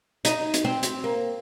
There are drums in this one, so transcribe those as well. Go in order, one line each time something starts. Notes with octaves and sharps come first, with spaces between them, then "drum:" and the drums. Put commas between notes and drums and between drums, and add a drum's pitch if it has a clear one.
D#4, drum: hi-hat
drum: hi-hat
C4
drum: hi-hat
A#3